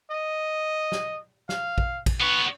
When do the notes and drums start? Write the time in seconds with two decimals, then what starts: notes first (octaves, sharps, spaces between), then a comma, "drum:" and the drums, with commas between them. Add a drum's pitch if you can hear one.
0.11 D#5
0.92 drum: snare
1.49 F5, drum: snare
1.78 drum: kick
2.06 drum: kick, cymbal
2.20 B3 B4 C#5